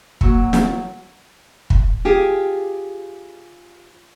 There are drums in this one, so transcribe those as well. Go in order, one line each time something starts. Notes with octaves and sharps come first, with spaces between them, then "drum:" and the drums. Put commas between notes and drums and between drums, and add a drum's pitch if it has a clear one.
F#3 A#3 A#4 C#6 E6, drum: kick
drum: snare
drum: kick
F4 G4 G#4